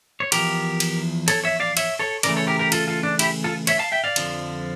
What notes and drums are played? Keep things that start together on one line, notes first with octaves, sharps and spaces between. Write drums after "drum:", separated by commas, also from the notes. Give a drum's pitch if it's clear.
C#5
E2 C#3 F3 G4 A#4, drum: cymbal
drum: cymbal
A4 C#5, drum: cymbal
C#5 E5
D5 F5
C#5 E5, drum: cymbal
A4 C#5
C#3 E3 A3 A#4 D5, drum: cymbal
A4 C#5
G4 A#4
G4 A#4
F4 A4, drum: cymbal
F4 A4
D4
E4 G4, drum: cymbal
F4 A4
C#5 E5, drum: cymbal
F5 A5
E5 G5
D5 F5
F2 D3 F3, drum: cymbal